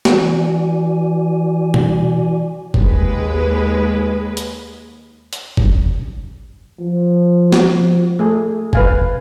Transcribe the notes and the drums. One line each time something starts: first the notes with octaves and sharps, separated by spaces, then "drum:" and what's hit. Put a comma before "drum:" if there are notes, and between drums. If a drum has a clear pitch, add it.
E3 F#4 D5 G#5, drum: snare
drum: tom B2
D#2 G#3 B4, drum: kick
drum: hi-hat
drum: hi-hat
drum: kick
F3
F3, drum: snare
A3 G#4
B4 F5 G#5, drum: kick